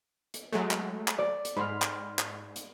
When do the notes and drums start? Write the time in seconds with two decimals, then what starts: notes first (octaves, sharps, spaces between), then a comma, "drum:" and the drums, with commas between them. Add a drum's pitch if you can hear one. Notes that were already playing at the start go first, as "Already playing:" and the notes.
0.34 drum: hi-hat
0.52 F#3 G#3 A3
0.71 drum: clap
1.08 drum: clap
1.18 D5
1.45 drum: hi-hat
1.57 G#2 B5 C6 F6
1.82 drum: clap
2.19 drum: clap
2.56 drum: hi-hat